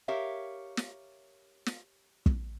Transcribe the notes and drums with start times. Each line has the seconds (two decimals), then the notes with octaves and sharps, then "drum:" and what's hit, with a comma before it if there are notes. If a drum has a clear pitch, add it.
0.08 G4 A#4 C#5 E5 F5
0.77 drum: snare
1.66 drum: snare
2.26 drum: kick